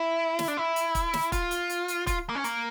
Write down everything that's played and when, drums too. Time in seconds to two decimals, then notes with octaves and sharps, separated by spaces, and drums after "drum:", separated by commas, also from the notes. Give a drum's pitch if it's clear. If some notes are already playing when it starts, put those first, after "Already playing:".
Already playing: E4
0.39 drum: snare
0.48 D4
0.57 E4
0.76 drum: hi-hat
0.95 drum: kick, hi-hat
1.13 drum: snare
1.32 F4, drum: kick, hi-hat
1.51 drum: hi-hat
1.70 drum: hi-hat
1.88 drum: hi-hat
2.07 F4, drum: kick, hi-hat
2.29 A#3
2.35 C#4
2.44 A#3, drum: hi-hat